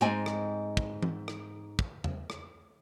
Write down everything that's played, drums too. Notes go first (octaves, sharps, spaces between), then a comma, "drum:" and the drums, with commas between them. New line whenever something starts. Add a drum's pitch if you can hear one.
G#2 C4 D#5 G5 G#5
drum: rim click
drum: kick
drum: tom E3
drum: rim click
drum: kick
drum: tom E2
drum: rim click